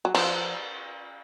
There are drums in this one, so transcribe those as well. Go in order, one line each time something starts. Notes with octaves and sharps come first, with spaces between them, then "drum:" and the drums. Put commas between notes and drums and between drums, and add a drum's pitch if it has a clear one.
F#3
F3, drum: cymbal